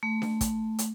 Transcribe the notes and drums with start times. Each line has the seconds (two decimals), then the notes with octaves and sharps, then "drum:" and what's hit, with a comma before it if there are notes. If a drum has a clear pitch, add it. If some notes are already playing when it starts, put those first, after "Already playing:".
0.03 A3
0.22 drum: snare D4
0.41 drum: kick, hi-hat
0.79 drum: hi-hat